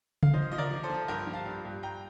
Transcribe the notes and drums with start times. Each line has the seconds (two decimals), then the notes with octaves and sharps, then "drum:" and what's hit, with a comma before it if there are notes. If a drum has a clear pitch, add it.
0.23 F5, drum: tom C#3
0.33 F3 C5 D#5
0.52 F3 D#5
0.58 A#4 D5
0.71 F3
0.83 A4 C5
0.90 F3
1.08 G2 G4 A#4
1.27 F3
1.33 F5 A5
1.46 G2
1.65 G2
1.83 G2 G5 A#5